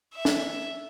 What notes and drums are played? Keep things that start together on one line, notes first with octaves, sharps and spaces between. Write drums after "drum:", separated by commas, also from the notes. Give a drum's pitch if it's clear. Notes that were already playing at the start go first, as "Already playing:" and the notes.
E5
drum: snare